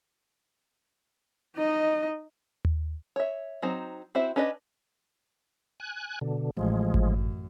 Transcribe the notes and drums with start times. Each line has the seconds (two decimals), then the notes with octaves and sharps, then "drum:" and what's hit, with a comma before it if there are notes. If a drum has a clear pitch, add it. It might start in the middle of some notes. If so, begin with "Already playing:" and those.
1.57 D#4 D#5
2.65 drum: tom D#2
3.16 C#5 E5
3.62 F#3 C4 D#4 C5
4.15 C4 E4 F#4 C5 E5
4.36 C#4 D4 B4 D5 D#5
5.80 G#5 F#6
6.21 B2 D3
6.57 A1 F3 G#3
6.94 drum: kick G#1
7.05 F#2